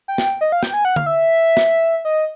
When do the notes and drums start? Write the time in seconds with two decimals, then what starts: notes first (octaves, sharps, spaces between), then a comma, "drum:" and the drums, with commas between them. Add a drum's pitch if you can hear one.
0.08 G5
0.18 drum: snare
0.41 D#5
0.52 F5
0.63 G5, drum: snare
0.74 G#5
0.85 F#5
0.96 F5, drum: tom D3
1.06 E5
1.57 drum: snare
2.05 D#5